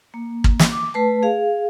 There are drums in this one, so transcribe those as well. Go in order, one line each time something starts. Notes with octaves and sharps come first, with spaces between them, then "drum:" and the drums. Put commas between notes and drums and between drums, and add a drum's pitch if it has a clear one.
A#3
drum: kick
drum: snare
D6
A3 B4 A5
G#4 F5